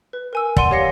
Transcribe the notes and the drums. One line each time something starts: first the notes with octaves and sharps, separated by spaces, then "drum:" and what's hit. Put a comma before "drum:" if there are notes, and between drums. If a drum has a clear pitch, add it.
B4
A#4 G#5 E6
D5 F#5 C6 D#7, drum: kick
G4 C#5 D5 F5 A#6 C#7